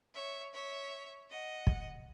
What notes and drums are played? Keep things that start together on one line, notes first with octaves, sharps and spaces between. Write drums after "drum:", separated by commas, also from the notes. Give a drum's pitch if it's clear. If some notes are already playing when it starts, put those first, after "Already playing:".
C#5 E5
C#5 E5
D#5 F#5
drum: kick